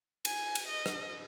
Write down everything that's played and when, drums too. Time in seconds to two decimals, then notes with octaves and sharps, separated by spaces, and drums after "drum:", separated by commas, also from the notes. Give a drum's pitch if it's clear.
0.25 G#5, drum: cymbal
0.55 drum: cymbal
0.69 D#5
0.86 drum: rim click